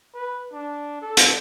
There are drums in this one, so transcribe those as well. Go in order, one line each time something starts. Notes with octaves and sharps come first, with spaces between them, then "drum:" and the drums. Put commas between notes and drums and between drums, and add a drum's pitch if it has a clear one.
B4
D4
A4
drum: hi-hat